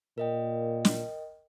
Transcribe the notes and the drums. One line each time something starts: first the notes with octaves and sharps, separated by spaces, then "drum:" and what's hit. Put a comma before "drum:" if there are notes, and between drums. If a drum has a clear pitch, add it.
A#2 A#4 D#5 G5
drum: snare